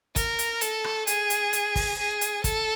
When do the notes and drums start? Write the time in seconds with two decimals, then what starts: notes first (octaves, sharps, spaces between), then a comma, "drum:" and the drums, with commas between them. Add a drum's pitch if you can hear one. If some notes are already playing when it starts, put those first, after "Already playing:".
0.16 A#4, drum: kick, hi-hat
0.39 drum: hi-hat
0.61 A4, drum: hi-hat
0.84 drum: rim click
1.07 G#4, drum: hi-hat
1.30 drum: hi-hat
1.53 drum: hi-hat
1.76 drum: kick, open hi-hat
1.99 G#4
2.21 drum: hi-hat
2.44 A4, drum: kick, hi-hat